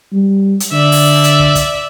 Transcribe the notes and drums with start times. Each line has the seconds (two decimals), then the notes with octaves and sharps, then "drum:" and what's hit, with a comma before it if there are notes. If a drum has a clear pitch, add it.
0.13 G3
0.60 drum: hi-hat
0.72 D3 D5 E5
0.92 drum: open hi-hat
1.24 drum: hi-hat
1.39 drum: kick
1.55 drum: kick, hi-hat